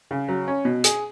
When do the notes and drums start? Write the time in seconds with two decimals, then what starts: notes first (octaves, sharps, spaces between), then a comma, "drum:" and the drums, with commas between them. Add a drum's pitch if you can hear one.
0.11 C#3
0.29 F#3
0.48 C#4
0.65 B2
0.84 G#4, drum: hi-hat